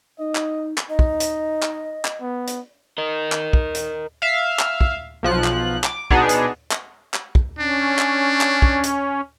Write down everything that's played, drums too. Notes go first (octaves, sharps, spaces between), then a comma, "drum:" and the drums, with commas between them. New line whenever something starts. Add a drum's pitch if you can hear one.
D#4 D#5
drum: clap
drum: clap
D#4 D#5
drum: kick
drum: hi-hat
drum: clap
drum: clap
B3
drum: hi-hat
A#4 D#5
drum: clap
drum: kick
drum: hi-hat
E5 F5
drum: clap
drum: kick
B1 F3 F#6
drum: clap
D6, drum: clap
B2 B3 D4 D#4 G#4, drum: kick
drum: hi-hat
drum: clap
drum: clap
drum: kick
C#4 D4
drum: clap
drum: clap
drum: kick
drum: hi-hat